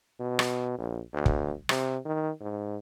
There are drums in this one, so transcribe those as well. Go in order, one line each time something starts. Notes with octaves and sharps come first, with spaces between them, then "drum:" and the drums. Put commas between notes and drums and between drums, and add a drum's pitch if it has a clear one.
B2
drum: rim click
A#1
D2
drum: kick
C3, drum: rim click
D#3
G#2